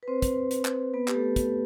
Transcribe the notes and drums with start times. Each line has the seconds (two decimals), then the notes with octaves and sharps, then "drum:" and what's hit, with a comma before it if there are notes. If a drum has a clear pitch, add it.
0.03 B4
0.08 C4 C5
0.22 drum: kick, hi-hat
0.51 drum: hi-hat
0.65 drum: clap
0.94 B3 B4
1.08 G4, drum: clap
1.14 A3 A4
1.36 drum: kick, hi-hat